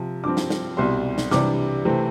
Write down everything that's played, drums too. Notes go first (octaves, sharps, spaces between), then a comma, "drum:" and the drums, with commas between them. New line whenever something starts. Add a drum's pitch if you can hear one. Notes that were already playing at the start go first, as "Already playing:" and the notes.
Already playing: C3 F3
G2 F3 C4 D6
drum: snare
drum: snare
C2 B2 G3 C6
drum: snare
C3 E3 G3 D4 D6, drum: snare
C3 E3 A3 C4